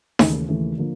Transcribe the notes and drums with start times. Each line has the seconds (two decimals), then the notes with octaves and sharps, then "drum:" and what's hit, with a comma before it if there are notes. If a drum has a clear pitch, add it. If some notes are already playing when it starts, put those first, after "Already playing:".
0.19 D#2 C#3 E3 A3, drum: snare D#4
0.48 D#2 C#3 E3 A3
0.77 D3 F3 A#3